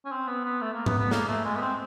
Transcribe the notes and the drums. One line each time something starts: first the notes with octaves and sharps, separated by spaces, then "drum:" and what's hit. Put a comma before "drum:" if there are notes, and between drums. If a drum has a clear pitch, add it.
C#4
C4
B3
B3
A3
A#3
B3, drum: tom G#2
B3
A#3, drum: snare
A3
G#3
B3
C4